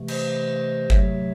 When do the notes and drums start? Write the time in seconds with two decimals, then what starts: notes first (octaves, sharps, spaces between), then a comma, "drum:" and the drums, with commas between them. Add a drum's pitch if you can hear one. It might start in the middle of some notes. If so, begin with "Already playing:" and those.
Already playing: C3 E3 A3
0.08 C5 D#5, drum: cymbal
0.90 C3 F#3 A3 C#5 E5, drum: kick G1